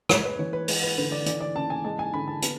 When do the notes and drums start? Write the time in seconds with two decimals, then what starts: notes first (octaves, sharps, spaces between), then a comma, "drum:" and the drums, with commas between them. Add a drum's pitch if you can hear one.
0.09 G#3 C#5, drum: rim click
0.25 B4
0.39 E3 C#5
0.53 B4
0.68 G#3 B4, drum: open hi-hat
0.83 B4
0.98 D3 B4
1.12 D5
1.26 E3 D5, drum: hi-hat
1.41 D5
1.55 C#3 A5
1.70 G#5
1.84 G#3 A5
1.99 G#5
2.14 D3 B5
2.28 A5
2.42 B3, drum: hi-hat